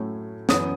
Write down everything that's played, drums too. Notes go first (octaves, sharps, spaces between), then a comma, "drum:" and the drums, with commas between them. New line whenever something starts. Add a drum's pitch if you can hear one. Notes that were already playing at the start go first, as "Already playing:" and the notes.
Already playing: A2 F#3 A3 C#4
F#2 E3 B3 D#6, drum: snare